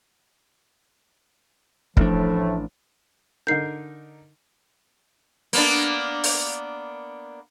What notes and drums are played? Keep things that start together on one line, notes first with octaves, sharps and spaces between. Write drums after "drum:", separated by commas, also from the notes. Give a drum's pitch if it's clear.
A1 A2 F3 A3 D4, drum: kick
D3 D#4 A#4 G6 C7
A#3 B3 D4, drum: open hi-hat
drum: open hi-hat